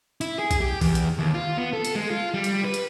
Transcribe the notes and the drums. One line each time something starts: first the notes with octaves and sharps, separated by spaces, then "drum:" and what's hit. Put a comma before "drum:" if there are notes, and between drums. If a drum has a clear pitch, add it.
E4, drum: hi-hat
G#4
drum: kick B1, hi-hat
G4
E2, drum: kick B1, open hi-hat
drum: hi-hat
D#2
F4
B3
A4
drum: hi-hat
G#3
F4
G3
drum: hi-hat
B4
drum: hi-hat